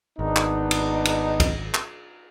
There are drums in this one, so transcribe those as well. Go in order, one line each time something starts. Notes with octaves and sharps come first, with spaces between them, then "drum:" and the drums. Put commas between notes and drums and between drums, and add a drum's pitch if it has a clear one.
G#1 B3 D4 D#4
drum: clap
drum: cymbal
drum: cymbal
drum: kick, cymbal
drum: clap